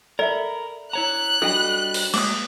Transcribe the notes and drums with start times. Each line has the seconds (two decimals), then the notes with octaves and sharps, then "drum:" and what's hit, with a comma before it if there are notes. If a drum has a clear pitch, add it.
0.19 A4 A#4 D5 E5 B5
0.93 E4 C#5 A#5 F#6
1.42 G3 D4 F#4 A4 D#5 G#5 B5
1.94 drum: open hi-hat
2.14 G#3 A#3 D6 D#6, drum: cymbal